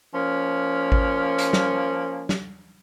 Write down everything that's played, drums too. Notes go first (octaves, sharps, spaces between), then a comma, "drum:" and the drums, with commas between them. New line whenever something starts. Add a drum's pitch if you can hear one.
F3 A#3 C#4
drum: kick G#1
drum: hi-hat
drum: snare
drum: snare